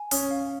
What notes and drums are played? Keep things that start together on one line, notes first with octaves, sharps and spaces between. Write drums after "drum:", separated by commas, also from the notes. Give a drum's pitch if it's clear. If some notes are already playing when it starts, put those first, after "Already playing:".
Already playing: G#5
C#4 D#6, drum: open hi-hat
F5